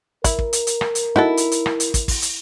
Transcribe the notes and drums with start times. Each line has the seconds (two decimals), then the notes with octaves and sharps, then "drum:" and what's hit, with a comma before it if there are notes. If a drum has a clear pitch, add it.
0.24 E4 A#4, drum: kick, hi-hat
0.39 drum: kick
0.53 drum: hi-hat
0.67 drum: hi-hat
0.81 drum: rim click
0.95 drum: hi-hat
1.16 D#4 E4 F#4 A4
1.37 drum: hi-hat
1.52 drum: hi-hat
1.66 drum: rim click
1.80 drum: hi-hat
1.94 drum: kick, hi-hat
2.08 drum: kick, open hi-hat
2.22 drum: hi-hat